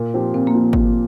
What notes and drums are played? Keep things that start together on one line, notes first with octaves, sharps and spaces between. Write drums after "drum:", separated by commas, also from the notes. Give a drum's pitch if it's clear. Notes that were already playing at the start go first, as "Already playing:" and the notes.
Already playing: A#2
F3 C4 G4
A#2 C4
A#3
F3
drum: kick